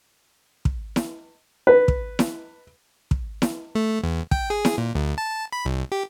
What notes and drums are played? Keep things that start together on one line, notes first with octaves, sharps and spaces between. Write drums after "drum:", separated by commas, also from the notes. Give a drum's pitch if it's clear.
drum: kick
drum: snare E4
B4
drum: kick
drum: snare E4
drum: kick
drum: snare E4
A3
E2
G5, drum: kick
G#4
drum: snare E4
A#2
D2
A5
B5
C2
G4